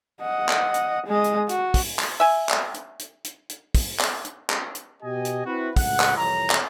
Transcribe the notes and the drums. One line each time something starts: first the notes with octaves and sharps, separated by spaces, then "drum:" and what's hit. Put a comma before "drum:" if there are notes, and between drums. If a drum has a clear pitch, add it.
D#5 F#5
drum: clap
drum: hi-hat
G#3 D#5
drum: hi-hat
F#4, drum: hi-hat
drum: kick, open hi-hat
drum: clap
E5 G#5
drum: clap
drum: hi-hat
drum: hi-hat
drum: hi-hat
drum: hi-hat
drum: kick, open hi-hat
drum: clap
drum: hi-hat
drum: clap
drum: hi-hat
B2 G4 D#5 G#5
drum: hi-hat
C4 E4 F#4 B4
C#2 A2 F#5, drum: kick, open hi-hat
drum: clap
C2 F2 E3 C#5 A#5
drum: clap